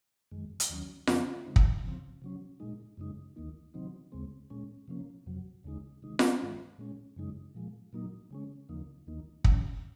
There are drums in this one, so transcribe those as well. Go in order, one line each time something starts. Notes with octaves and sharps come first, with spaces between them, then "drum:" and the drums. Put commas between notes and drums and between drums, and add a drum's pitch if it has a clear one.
F#2 D#3 G#3
drum: hi-hat
D#2 D#3 F#3 C#4
F2 C#3 F3, drum: snare F4
C#3 G#3 C4 D#4
drum: kick
C#3 F3 C4
C3 F#3 C#4
A#2 G#3 D#4
F#2 C#3 G#3 D#4
D#2 D#3 A#3 D#4
C3 D#3 F#3 C4 D#4
D#2 C#3 G#3 C4
A#2 G#3 C#4
C3 F3 A#3 C#4
F2 C3 F#3
D#2 C#3 G#3 D#4
C3 D#3 G#3 D#4
drum: snare F4
G#2 D#3 G#3
A#2 G#3 C#4
F#2 C#3 G#3 D#4
A#2 F3 G#3
A#2 F#3 A#3 D#4
C#3 G#3 C#4
D#2 C#3 F3 A#3 D#4
D#2 D#3 A#3 D#4
D#2 D#3 F#3 C#4, drum: kick